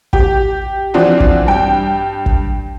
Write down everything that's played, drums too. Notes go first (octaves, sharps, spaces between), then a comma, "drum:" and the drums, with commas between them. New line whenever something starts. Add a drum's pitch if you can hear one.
G4, drum: kick
E3 F3 C4 D4 F4 F#4
drum: kick
G2 G5
drum: kick